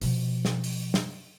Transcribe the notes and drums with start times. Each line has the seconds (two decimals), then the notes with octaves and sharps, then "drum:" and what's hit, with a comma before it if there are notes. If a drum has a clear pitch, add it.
0.01 B2 F3, drum: open hi-hat
0.45 drum: snare
0.64 drum: open hi-hat
0.94 drum: snare